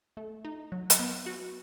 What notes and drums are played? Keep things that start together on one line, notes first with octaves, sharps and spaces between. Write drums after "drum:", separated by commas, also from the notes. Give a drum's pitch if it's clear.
A3
D#4
F#3
drum: hi-hat
B3
F#4